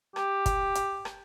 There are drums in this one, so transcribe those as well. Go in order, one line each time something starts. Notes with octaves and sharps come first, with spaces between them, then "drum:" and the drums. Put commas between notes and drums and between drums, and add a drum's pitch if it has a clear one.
G4, drum: rim click
drum: kick, hi-hat
drum: hi-hat
drum: rim click